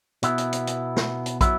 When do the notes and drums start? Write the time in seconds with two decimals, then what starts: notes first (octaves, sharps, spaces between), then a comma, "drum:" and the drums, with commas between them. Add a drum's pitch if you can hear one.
0.23 B2 B3 E4, drum: hi-hat
0.38 drum: hi-hat
0.53 drum: hi-hat
0.67 drum: hi-hat
0.97 drum: snare
1.26 drum: hi-hat
1.41 F#3 B3 E4, drum: kick, hi-hat